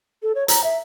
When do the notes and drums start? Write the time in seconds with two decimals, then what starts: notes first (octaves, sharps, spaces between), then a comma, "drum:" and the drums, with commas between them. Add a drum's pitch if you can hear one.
0.23 A4
0.35 C#5
0.48 A#5, drum: hi-hat
0.64 E5